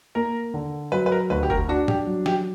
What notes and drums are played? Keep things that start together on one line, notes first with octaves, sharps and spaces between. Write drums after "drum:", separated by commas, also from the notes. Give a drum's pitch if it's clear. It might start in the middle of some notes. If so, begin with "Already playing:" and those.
A#3 A#4
D3
F#3 B4
B4
A#4
D2 B4
G4
A#4, drum: kick
D4 F#4
G4, drum: tom
F#3
G4, drum: snare F3